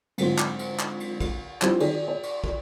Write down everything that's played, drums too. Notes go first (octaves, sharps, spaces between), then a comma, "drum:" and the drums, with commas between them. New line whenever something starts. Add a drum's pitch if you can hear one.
G#2 D3 F#3 C4 F4, drum: cymbal
drum: clap
drum: cymbal
drum: clap
drum: cymbal
drum: kick, cymbal
F3 G3 C4 D4 E4, drum: clap
D#3 F#4 G#4 D5, drum: cymbal
D5
drum: cymbal
drum: kick